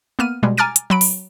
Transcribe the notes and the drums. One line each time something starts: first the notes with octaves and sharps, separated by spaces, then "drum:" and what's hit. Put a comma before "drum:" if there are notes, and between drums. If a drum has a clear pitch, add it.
A#3 B3 F6 D#7
B2 G3 G#3
G#5 A#5 D6 F6 A6 D7
drum: hi-hat
F#3 B5 D7
drum: open hi-hat